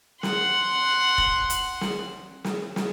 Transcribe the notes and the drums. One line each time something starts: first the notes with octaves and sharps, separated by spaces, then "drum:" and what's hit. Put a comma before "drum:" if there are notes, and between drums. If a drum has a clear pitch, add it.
F#5 C6, drum: snare
drum: kick
drum: hi-hat
drum: snare
drum: snare
drum: snare